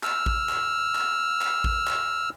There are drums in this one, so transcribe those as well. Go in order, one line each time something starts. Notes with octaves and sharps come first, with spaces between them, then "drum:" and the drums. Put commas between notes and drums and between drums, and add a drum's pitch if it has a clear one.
E6 F6, drum: clap
drum: kick A1
drum: clap
drum: clap
drum: clap
drum: kick A1
drum: clap